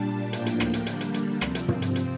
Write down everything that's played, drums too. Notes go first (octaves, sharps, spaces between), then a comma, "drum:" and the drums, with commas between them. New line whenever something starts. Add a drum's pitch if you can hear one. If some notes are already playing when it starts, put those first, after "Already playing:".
Already playing: A#2 G3 D4 A5
A2 F3 A#3 D4 G5, drum: hi-hat
drum: hi-hat
drum: rim click
drum: hi-hat
D3 G3 A#3 D4, drum: hi-hat
drum: hi-hat
drum: hi-hat
C3 F3 C4, drum: rim click
drum: hi-hat
drum: tom
drum: hi-hat
drum: hi-hat